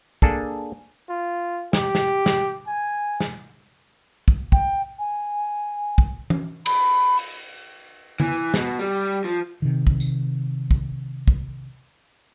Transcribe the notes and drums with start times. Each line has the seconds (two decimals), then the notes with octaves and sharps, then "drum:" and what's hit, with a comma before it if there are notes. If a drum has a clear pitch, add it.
0.22 A#3 D4 G#4 A4, drum: kick
1.09 F4
1.73 G4, drum: snare
1.95 drum: snare
2.26 drum: snare
2.67 G#5
3.20 drum: snare
4.28 drum: kick
4.52 G5, drum: kick
4.99 G#5
5.98 drum: kick
6.30 drum: tom E3
6.66 B5, drum: cymbal
7.18 drum: open hi-hat
8.20 E3, drum: tom D3
8.54 B2, drum: snare
8.79 G3
9.24 F3
9.62 C3 D#3
9.87 drum: kick
10.00 drum: tambourine
10.71 drum: kick
11.28 drum: kick